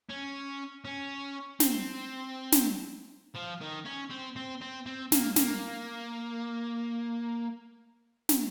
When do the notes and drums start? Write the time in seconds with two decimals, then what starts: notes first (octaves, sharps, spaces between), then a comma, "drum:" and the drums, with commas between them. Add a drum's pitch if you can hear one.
0.09 C#4
0.85 C#4
1.60 C4, drum: snare
2.52 drum: snare
3.36 F3
3.61 D#3
3.86 C#4
4.11 C4
4.36 C4
4.61 C4
4.86 C4
5.12 A#3, drum: snare
5.36 A#3, drum: snare
8.29 drum: snare